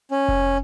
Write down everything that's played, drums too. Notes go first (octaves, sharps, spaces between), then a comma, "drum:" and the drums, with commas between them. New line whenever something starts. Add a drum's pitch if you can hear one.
C#4
drum: kick F1